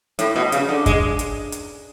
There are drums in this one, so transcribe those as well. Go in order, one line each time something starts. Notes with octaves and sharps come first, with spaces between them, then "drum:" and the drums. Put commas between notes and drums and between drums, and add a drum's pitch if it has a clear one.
A2, drum: hi-hat
B2
C#3, drum: hi-hat
D3
G#3, drum: kick, hi-hat
drum: hi-hat
drum: hi-hat